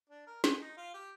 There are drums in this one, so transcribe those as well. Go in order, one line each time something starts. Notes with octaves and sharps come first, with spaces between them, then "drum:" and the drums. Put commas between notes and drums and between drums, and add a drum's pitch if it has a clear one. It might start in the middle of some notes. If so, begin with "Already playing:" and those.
D4
A#4
G#4, drum: snare
D#4
F4
G4